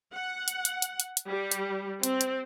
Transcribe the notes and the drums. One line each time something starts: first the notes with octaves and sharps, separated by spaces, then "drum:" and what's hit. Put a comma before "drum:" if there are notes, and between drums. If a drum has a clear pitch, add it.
F#5
drum: hi-hat
drum: hi-hat
drum: hi-hat
drum: hi-hat
drum: hi-hat
G3
drum: hi-hat
C4, drum: hi-hat
drum: hi-hat